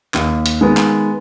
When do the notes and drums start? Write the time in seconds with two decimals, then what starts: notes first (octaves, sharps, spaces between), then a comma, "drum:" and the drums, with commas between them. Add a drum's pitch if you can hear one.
0.14 D#2, drum: clap
0.46 drum: hi-hat
0.61 D#3 G#3 B3
0.77 drum: clap